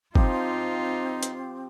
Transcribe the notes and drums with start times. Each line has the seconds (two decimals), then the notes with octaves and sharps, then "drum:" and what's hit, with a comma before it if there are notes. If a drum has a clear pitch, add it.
0.15 F3 C4 D#4 F4 G4, drum: kick
1.23 drum: hi-hat